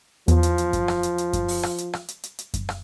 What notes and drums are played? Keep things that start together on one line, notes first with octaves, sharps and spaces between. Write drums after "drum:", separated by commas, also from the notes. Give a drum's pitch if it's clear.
E2 F3, drum: hi-hat
drum: hi-hat
drum: hi-hat
drum: kick F#2, hi-hat
drum: rim click
drum: hi-hat
drum: hi-hat
drum: kick F#2, hi-hat
drum: open hi-hat
drum: rim click
drum: hi-hat
drum: rim click
drum: hi-hat
drum: hi-hat
drum: hi-hat
drum: kick F#2, hi-hat
drum: rim click